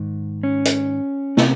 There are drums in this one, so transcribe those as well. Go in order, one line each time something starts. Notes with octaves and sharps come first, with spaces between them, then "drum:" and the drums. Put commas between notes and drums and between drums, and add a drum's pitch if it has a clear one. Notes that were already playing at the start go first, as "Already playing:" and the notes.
Already playing: G#2 D#3
C#4
drum: hi-hat
C3, drum: snare